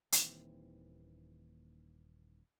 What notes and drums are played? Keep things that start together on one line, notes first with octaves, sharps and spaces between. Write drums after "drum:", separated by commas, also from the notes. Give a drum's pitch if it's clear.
D#1 D#2 E3 C4, drum: hi-hat